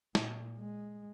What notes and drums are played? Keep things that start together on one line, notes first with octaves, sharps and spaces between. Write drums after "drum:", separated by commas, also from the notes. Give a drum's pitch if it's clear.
A#2, drum: snare
G#3